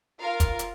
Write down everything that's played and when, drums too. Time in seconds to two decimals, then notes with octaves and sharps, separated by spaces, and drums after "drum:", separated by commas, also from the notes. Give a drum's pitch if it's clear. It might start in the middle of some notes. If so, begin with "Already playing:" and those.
0.20 F4 A#4 F5
0.40 drum: kick, hi-hat
0.59 drum: hi-hat